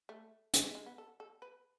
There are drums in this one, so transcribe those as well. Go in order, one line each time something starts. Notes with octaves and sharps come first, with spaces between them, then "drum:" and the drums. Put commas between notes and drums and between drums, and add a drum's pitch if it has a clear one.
A3
A3, drum: hi-hat
G#3
G#3
B3
A4
A4
B4